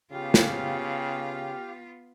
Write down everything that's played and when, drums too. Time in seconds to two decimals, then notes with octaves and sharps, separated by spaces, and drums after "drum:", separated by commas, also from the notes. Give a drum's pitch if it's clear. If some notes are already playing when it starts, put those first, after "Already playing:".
0.12 C#3 B3 F4 G4 F5
0.34 drum: snare